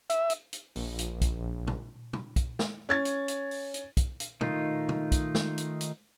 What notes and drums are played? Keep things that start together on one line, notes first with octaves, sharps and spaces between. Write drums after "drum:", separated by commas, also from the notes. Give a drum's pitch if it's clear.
E5, drum: hi-hat
drum: hi-hat
drum: hi-hat
A#1, drum: open hi-hat
drum: hi-hat
drum: kick, hi-hat
drum: tom
drum: tom
drum: kick, hi-hat
drum: snare
C#4 G#6 A6
drum: hi-hat
drum: hi-hat
drum: open hi-hat
drum: hi-hat
drum: kick, hi-hat
drum: hi-hat
D#3 A3 D#4 F4, drum: tom
drum: tom
drum: kick, hi-hat
drum: snare
drum: hi-hat
drum: hi-hat